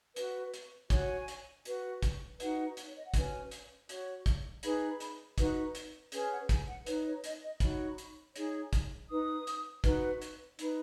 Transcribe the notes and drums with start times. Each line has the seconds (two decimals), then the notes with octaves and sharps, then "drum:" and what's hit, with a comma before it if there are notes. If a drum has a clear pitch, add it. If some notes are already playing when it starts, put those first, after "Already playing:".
0.16 F#4 B4, drum: hi-hat
0.54 drum: hi-hat
0.90 F#4 C#5 G#5, drum: kick, hi-hat
1.28 drum: hi-hat
1.65 F#4 B4, drum: hi-hat
2.03 drum: kick, hi-hat
2.40 D#4 F#4 B4 F#5, drum: hi-hat
2.77 drum: hi-hat
2.88 C#5
2.96 D#5
3.05 F#5
3.14 C#4 F#4 B4 G#5, drum: kick, hi-hat
3.51 drum: hi-hat
3.89 F#4 C#5, drum: hi-hat
4.26 drum: kick, hi-hat
4.63 D#4 G#4 B4 B5, drum: hi-hat
5.00 drum: hi-hat
5.38 D#4 F#4 B4, drum: kick, hi-hat
5.75 drum: hi-hat
6.12 C#4 G#4 B4 G#5, drum: hi-hat
6.31 F#5
6.49 G#5, drum: kick, hi-hat
6.68 F#5
6.86 D#4 B4 C#5, drum: hi-hat
7.05 C#5
7.24 D#5, drum: hi-hat
7.42 D#5
7.60 D#4 F#4 C#5 B5, drum: kick, hi-hat
7.98 drum: hi-hat
8.36 D#4 G#4 C#5, drum: hi-hat
8.73 drum: kick, hi-hat
9.09 D#4 B4 D#6
9.47 drum: hi-hat
9.84 D#4 F#4 B4, drum: kick, hi-hat
10.22 drum: hi-hat
10.59 D#4 B4 B5, drum: hi-hat